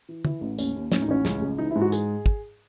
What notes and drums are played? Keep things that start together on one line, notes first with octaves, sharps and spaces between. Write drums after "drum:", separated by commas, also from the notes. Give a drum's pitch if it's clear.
E3
E3 E4, drum: tom
A1
D#2 C#4, drum: tambourine
D#2
A2 C#4, drum: snare
D#4
A1 C#4
C#2, drum: snare
C#2
E3 D#4
E4
G#2
F#4
G#4, drum: tambourine
drum: kick